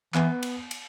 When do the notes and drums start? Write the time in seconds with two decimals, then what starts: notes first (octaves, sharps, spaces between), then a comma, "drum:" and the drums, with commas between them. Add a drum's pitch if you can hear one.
0.14 E3 B3, drum: clap
0.43 drum: cymbal
0.71 drum: cymbal